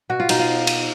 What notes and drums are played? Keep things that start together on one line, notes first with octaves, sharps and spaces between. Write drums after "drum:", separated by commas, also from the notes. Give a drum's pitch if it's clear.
B2 F#4
F4
B2 D#4, drum: cymbal
F4
drum: cymbal